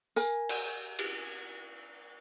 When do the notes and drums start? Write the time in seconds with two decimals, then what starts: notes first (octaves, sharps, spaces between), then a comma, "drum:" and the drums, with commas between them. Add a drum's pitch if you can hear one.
0.16 A#4 G#5, drum: tambourine
0.49 drum: cymbal
0.99 drum: cymbal